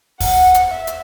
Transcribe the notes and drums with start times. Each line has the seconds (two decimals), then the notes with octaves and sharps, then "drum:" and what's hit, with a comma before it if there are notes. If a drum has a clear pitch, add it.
0.20 F#5, drum: kick, open hi-hat
0.54 drum: hi-hat
0.71 E5
0.87 drum: hi-hat